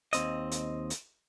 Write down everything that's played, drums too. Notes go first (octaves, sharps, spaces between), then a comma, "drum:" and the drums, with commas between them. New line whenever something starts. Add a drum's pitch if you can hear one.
D#2 C4 D#5, drum: hi-hat
drum: hi-hat
drum: hi-hat